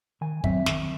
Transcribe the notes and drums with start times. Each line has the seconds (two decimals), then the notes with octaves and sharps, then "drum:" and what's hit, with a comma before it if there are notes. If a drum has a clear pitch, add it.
0.21 D#3 G#5
0.44 F#3 C4 E5, drum: kick
0.66 D#3, drum: snare